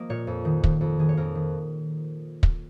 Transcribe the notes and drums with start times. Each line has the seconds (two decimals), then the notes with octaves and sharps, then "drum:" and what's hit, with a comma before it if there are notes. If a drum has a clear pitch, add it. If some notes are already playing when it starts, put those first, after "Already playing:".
Already playing: F3 A#3 D#5
0.10 A#2 C#5
0.27 F2
0.45 D#3
0.64 D#3, drum: kick
0.81 F2
0.99 D#3 G#4
1.09 C#5
1.17 F2 A#4
1.35 D#3
2.43 drum: kick